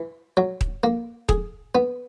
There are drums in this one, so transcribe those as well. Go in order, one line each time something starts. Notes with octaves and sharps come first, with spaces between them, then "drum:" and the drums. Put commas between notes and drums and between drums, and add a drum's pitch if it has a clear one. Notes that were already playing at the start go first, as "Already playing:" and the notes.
Already playing: E3
F#3
drum: kick D#1
A#3
G#4, drum: kick D#1
B3